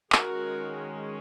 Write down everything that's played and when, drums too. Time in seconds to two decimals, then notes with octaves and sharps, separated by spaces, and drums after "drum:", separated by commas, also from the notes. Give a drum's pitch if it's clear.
0.12 D#3 G#3 C#4 F#4 A#4, drum: clap